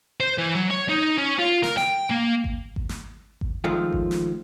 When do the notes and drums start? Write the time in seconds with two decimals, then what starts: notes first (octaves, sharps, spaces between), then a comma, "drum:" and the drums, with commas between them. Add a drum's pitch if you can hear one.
0.20 C5
0.38 E3
0.56 F#3
0.71 C#5
0.89 D#4
1.18 C#4
1.39 F4
1.64 A#4, drum: snare
1.78 G5, drum: snare
2.11 A#3
2.44 drum: kick G#1
2.76 drum: kick G#1
2.89 drum: snare
3.41 drum: kick G#1
3.64 D#3 F3 G#3 A3 F4
3.93 drum: kick G#1
4.11 drum: snare